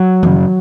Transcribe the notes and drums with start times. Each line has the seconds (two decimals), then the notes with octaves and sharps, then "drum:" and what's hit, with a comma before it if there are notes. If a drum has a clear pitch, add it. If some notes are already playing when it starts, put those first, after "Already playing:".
Already playing: F#3
0.23 F#2 C#3, drum: tom D#3